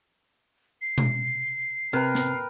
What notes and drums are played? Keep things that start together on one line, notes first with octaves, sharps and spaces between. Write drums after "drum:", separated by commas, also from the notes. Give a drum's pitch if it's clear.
C7
drum: tom B2
C3 A#4 B4 G5
drum: snare